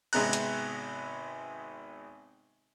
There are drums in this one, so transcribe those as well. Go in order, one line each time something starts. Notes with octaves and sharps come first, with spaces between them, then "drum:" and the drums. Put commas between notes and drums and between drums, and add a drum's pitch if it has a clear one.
G#1 C3 G#3 B3 A#5 F#6, drum: cymbal
drum: hi-hat